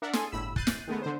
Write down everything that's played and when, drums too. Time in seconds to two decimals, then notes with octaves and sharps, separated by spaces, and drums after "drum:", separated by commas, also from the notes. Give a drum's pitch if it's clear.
0.02 D4 A#4 E5 F#5
0.13 G#4 A4 G#5 C6, drum: snare
0.32 G1 A2 B5 E6
0.56 F#6 G6 A6 C7 D#7, drum: kick
0.67 drum: snare
0.87 D#3 G#3 A3 B3
1.02 D3 C5